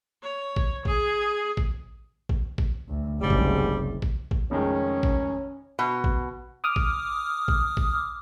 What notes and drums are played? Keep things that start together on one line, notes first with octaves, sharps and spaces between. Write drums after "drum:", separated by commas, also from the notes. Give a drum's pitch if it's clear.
C#5
drum: kick A1
G#4, drum: kick A1
drum: kick A1
drum: kick A1
drum: kick A1
D2
F#1 C2 G#2 G3
drum: kick A1
drum: kick A1
drum: kick A1
F1 D#3 G#3 C#4
drum: kick A1
B2
drum: kick A1
D6 D#6 F6
drum: kick A1
drum: kick A1
drum: kick A1